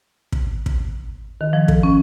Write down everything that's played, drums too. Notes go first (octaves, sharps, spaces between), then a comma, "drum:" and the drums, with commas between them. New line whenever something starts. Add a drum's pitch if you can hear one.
drum: kick
drum: kick
D#3
F3
A4, drum: kick
C#4